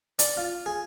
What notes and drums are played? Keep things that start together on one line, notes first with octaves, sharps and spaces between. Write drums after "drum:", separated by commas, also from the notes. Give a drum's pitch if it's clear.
D5, drum: hi-hat
F4
G#4